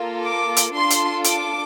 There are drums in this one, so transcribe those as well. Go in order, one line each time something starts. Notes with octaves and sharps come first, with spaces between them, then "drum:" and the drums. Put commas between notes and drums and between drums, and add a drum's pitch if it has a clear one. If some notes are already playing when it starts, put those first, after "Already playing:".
Already playing: A#3 F4 A4
D6
drum: hi-hat
D4 F4 A4 C6
drum: hi-hat
D6, drum: hi-hat